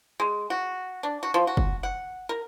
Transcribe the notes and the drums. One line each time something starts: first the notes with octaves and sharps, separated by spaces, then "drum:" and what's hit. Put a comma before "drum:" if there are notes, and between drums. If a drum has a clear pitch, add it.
G#3
F#4
D4
F#4
F3
F#4
drum: kick
F#5
A#4